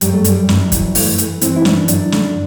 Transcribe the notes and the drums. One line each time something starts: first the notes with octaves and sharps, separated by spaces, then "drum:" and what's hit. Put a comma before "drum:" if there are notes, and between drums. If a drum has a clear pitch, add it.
F#2 G3, drum: hi-hat
A3
F#2 G3, drum: hi-hat
F#2, drum: snare
E3, drum: kick, hi-hat
E3 A3, drum: open hi-hat
E3, drum: hi-hat
E3 C4, drum: hi-hat
E4
F#2 D4, drum: snare
F#2 D4, drum: hi-hat
D3, drum: snare